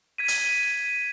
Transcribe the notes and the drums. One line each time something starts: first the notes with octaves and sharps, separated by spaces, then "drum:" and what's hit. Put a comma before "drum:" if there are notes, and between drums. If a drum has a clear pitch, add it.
G#6 B6 D#7
drum: hi-hat